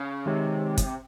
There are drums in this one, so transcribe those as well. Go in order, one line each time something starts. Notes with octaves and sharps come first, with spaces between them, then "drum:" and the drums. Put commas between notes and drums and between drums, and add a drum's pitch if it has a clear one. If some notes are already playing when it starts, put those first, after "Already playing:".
Already playing: C#3
C3 D#3 G#3 D#4 G4 C#5
drum: kick, hi-hat